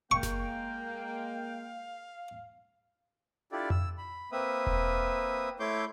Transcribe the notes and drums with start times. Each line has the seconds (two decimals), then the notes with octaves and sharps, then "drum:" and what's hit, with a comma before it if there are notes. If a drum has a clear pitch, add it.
0.11 G#3 A#3 F5 G5 C#6
0.23 drum: snare F#1
3.52 D4 E4 F4 G4 A4 D5
3.70 E6, drum: tom F2
3.98 B5
4.32 A#3 C4 B4 E5 D#6
4.67 drum: kick E1
5.59 A3 E4 C#5 C6 D6 G6